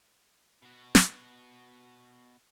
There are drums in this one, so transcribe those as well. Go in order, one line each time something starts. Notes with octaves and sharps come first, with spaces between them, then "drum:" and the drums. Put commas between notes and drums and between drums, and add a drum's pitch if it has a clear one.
B2 F#4
drum: snare